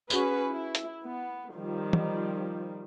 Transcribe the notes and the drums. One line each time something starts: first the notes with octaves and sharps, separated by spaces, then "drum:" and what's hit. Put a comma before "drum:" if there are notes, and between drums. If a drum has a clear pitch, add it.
C#4 F#4 G#4 B4, drum: tambourine
E4
drum: hi-hat
B3
D#3 F3 G3
drum: tom